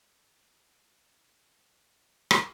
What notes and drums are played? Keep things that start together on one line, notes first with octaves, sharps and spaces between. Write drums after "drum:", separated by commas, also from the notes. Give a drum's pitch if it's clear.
D4 G4 C5 D#5 A#5 C#6
drum: rim click